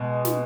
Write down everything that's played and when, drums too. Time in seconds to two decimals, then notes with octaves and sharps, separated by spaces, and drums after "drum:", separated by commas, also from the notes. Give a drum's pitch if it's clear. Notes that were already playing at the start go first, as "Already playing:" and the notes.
Already playing: B2 G#3
0.25 drum: snare